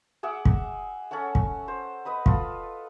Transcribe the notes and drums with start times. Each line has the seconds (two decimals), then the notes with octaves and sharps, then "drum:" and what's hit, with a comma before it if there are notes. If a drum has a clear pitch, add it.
0.23 G#4 E5 F#5 D6
0.45 drum: kick
1.11 C#4 A4 C#5 F#5
1.35 drum: kick
1.68 C5
2.05 B4 D#5 B5
2.26 F4 A4, drum: kick